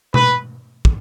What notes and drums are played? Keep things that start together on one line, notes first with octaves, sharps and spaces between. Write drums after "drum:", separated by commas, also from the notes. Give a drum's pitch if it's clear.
B4, drum: tom B2
drum: kick